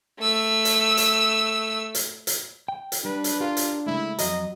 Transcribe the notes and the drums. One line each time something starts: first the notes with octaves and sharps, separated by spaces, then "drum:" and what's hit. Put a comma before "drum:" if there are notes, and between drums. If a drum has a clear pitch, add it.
A3 E6
drum: hi-hat
drum: hi-hat
drum: hi-hat
drum: hi-hat
G5
drum: hi-hat
G3 D4 B4
drum: hi-hat
F4 G4 A#4 F5
drum: hi-hat
C#3 G#3 A3 E4
F2 F#3 F#4 D#5 A#5, drum: hi-hat